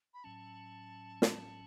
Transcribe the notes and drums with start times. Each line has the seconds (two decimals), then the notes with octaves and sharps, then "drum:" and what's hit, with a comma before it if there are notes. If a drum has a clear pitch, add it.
0.14 B5
0.24 A2 F#3 C#4 A5
1.22 drum: snare